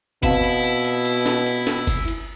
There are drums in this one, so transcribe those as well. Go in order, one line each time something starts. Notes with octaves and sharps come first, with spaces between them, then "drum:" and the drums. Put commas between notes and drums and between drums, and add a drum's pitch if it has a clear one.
B2 C4 E4 F5 A5, drum: kick G1
drum: cymbal
drum: cymbal
drum: cymbal
drum: cymbal
drum: snare
drum: cymbal
drum: snare
drum: kick G1, cymbal
drum: cymbal